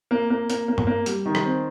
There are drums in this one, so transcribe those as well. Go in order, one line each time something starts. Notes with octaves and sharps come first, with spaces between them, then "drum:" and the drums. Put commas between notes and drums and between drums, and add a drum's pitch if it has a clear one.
A#3
A#3
A#3, drum: hi-hat
A#3
drum: tom G2
A#3
G3, drum: hi-hat
D#3
drum: rim click
C4